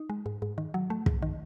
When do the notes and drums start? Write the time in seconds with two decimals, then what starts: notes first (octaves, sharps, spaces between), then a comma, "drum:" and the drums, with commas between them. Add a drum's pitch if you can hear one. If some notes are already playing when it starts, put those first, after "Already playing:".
Already playing: D#4
0.10 G#3
0.26 G#2
0.42 G#2
0.58 D#3
0.74 F#3
0.90 A3
1.06 G#2, drum: kick
1.22 D#3